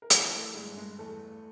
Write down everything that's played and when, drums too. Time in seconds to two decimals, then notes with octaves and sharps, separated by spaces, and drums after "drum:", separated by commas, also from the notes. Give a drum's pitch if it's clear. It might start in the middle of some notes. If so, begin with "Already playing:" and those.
0.02 A#4
0.10 E3 B3 B4, drum: hi-hat
0.32 A3 A4
0.55 G2 G#3 G#4
0.77 G#3 G#4
0.99 E2 A3 A4